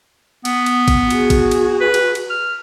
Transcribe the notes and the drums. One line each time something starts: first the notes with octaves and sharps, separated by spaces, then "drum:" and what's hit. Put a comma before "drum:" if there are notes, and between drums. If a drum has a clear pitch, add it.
B3, drum: cymbal
drum: cymbal
drum: kick G#1, cymbal
F#4 G#4, drum: cymbal
drum: kick G#1, cymbal
drum: cymbal
B4
drum: cymbal
drum: cymbal
F6